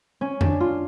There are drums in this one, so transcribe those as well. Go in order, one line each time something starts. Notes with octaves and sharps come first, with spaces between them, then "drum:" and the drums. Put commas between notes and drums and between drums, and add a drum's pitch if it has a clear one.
C#4
D4, drum: tom F2
F4